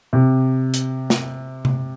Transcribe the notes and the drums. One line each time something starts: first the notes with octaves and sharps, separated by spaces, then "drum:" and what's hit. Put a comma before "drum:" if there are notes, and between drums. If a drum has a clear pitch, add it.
C3
drum: hi-hat
drum: snare
drum: tom C3